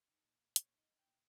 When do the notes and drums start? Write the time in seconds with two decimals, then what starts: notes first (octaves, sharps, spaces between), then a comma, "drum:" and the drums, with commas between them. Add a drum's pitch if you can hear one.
0.08 D#4
0.24 A#2
0.40 A#2
0.56 A#2 C#5, drum: hi-hat
0.73 D#4 D#5
0.89 D#4
0.99 G5
1.05 A#2